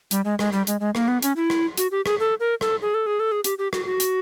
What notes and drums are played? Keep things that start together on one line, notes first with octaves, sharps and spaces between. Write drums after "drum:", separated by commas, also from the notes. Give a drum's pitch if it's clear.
G3, drum: hi-hat
G#3
G#3, drum: rim click
G3
G#3, drum: hi-hat
G#3
A#3, drum: rim click
B3
C#4, drum: hi-hat
E4
drum: rim click
F#4, drum: hi-hat
G4
G#4, drum: rim click
A4
A#4
A4, drum: rim click
G#4
A4
G#4
A4
G#4
G4, drum: hi-hat
G4
F#4, drum: rim click
F#4
drum: hi-hat